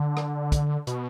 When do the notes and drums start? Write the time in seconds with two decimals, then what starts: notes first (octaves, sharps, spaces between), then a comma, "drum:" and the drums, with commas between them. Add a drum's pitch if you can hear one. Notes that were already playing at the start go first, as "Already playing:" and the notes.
Already playing: D3
0.17 drum: rim click
0.52 drum: kick, hi-hat
0.87 B2, drum: hi-hat